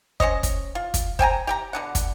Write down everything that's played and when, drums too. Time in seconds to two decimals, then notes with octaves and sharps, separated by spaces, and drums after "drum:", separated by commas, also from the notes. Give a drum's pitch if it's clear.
0.20 C#4 C5 C#5 D#5, drum: kick
0.43 drum: kick, hi-hat
0.75 F4
0.94 drum: kick, hi-hat
1.19 C5 G5 G#5 A#5, drum: kick
1.47 G4 G5 A#5
1.73 B2 D3 F#5
1.95 drum: kick, hi-hat